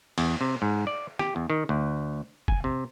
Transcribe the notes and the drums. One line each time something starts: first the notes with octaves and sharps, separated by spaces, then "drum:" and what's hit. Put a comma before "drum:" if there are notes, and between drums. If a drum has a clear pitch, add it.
E2, drum: cymbal
C3
G#2
D5
G4, drum: rim click
E2
D#3
D2
G#5, drum: kick
C3